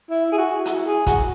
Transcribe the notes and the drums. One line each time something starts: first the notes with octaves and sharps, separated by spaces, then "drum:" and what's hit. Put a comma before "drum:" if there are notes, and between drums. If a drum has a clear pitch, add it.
E4
G#4
F#4
E4, drum: hi-hat
G#4
F#4, drum: kick, hi-hat